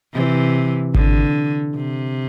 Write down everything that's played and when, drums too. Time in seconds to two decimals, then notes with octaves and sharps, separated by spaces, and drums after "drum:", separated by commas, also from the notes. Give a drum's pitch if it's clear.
0.14 C3 E3
0.94 D3, drum: kick G#1
1.75 C3